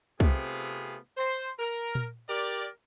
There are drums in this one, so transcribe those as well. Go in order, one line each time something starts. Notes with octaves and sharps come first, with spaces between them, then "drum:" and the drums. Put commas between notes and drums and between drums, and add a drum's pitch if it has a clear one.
C3 A3 B3 C4 F4 G#4, drum: kick
drum: tambourine
C5
A#4
drum: tom A#2
G4 A#4 D5